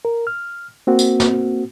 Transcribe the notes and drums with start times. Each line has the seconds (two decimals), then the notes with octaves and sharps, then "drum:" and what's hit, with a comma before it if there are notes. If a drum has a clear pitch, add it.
0.05 A#4
0.27 F6
0.87 A#3 C4 F#4
0.99 drum: tambourine
1.20 drum: snare